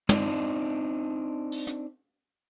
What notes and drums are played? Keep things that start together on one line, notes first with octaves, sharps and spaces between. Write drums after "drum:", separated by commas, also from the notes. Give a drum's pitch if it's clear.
C4 D4 D#4, drum: tom
drum: open hi-hat
drum: hi-hat